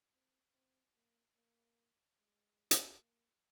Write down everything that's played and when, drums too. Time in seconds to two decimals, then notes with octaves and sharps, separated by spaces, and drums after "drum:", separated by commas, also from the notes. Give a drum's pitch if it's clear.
0.13 C4
0.54 C4
0.94 A#3
1.35 A#3
2.17 G#3
2.71 drum: hi-hat
2.98 A#3